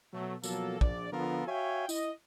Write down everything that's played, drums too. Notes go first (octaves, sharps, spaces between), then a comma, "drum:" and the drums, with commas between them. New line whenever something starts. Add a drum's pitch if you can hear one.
B2 F#3 A3
B2 F3 F#3 A#3 A4, drum: tambourine
A#1 D5, drum: kick
D3 F3 B3 F4 A4 A#4
F#4 C#5 E5 F5 G5 G#5
E4 D#5, drum: tambourine